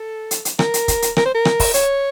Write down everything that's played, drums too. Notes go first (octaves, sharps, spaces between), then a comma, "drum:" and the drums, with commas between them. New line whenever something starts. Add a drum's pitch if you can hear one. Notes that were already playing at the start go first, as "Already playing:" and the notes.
Already playing: A4
drum: hi-hat
drum: hi-hat
A#4, drum: rim click
drum: hi-hat
drum: kick, hi-hat
drum: hi-hat
A#4, drum: rim click
C5
A#4
drum: rim click
drum: kick, open hi-hat
C#5, drum: hi-hat